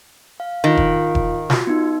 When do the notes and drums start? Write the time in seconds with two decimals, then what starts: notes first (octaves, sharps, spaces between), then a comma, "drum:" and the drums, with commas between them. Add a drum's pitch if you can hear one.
0.40 F5
0.64 D#3 F4 F5
0.77 drum: kick E1
1.15 drum: kick E1
1.50 F4 F#4, drum: snare
1.67 B3 D#4